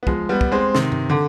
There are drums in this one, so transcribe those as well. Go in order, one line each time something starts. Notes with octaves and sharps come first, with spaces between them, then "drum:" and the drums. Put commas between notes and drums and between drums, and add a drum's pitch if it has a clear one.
B3
F3 G#3, drum: kick
G3 B3
drum: kick
G#3 C4
C3 D#3, drum: snare
drum: tom G2
D3